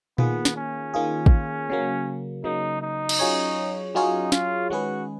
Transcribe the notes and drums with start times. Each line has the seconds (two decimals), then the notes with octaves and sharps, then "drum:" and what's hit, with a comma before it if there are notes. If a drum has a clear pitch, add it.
0.18 D#3 A#3 B3 F4 G#4, drum: tom A#2
0.45 drum: snare
0.56 C#4
0.94 D#3 A#3 F4 G#4
1.26 drum: kick A1
1.70 C#3 F#3 A#3
2.44 C#3 F#3 A#3 D#4
2.82 D#4
3.09 drum: cymbal
3.19 F#3 C#4 F4 G#4 C#5
3.95 F#3 C#4 D#4 F4 G#4 C#5
4.32 F4, drum: snare
4.70 D#3 G#3 C#4 F#4 G#4 B4